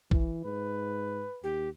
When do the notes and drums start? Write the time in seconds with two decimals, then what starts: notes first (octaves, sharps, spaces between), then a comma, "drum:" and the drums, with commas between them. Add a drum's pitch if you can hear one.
0.11 E3, drum: kick
0.45 G#2 B4
1.44 D#2 G4